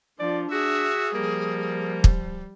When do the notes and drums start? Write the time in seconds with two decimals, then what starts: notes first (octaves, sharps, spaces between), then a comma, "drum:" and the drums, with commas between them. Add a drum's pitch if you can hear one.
0.19 F3 D4 D5
0.51 F#4 G#4 E5
1.14 F3 G3 A#3
2.04 drum: kick